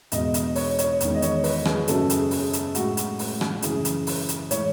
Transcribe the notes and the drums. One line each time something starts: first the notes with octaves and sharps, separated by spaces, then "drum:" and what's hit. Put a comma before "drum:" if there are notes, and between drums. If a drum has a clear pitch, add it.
E2 B2 G#3 D#5, drum: hi-hat
D#5, drum: hi-hat
C#5, drum: open hi-hat
C#5, drum: hi-hat
E2 D#3 G#3, drum: hi-hat
D#5
C#5, drum: hi-hat
B4, drum: open hi-hat
G#4, drum: rim click
F#2 C#3 F#3 A4, drum: hi-hat
G#4, drum: hi-hat
G#4, drum: open hi-hat
drum: hi-hat
A2 G#3 F#4, drum: hi-hat
drum: hi-hat
drum: open hi-hat
drum: rim click
F#2 C#3 E3 G#4, drum: hi-hat
drum: hi-hat
drum: open hi-hat
drum: hi-hat
A2 E3 G#3 C#5, drum: hi-hat